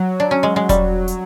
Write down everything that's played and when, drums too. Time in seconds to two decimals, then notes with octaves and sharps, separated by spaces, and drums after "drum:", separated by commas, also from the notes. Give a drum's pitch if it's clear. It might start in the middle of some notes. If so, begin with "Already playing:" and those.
Already playing: F#3
0.20 D4
0.31 C#4
0.43 G#3
0.56 G#3
0.69 G3, drum: kick E1, hi-hat
1.08 drum: hi-hat